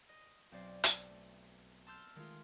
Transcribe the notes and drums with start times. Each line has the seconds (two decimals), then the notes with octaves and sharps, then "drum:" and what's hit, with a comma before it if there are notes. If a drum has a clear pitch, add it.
0.09 D#5
0.52 B1 C4 D5 C7
0.84 drum: hi-hat
1.09 A3
1.87 A5 C6 E6 F6 G6
2.15 D#3 G#3 A3 F4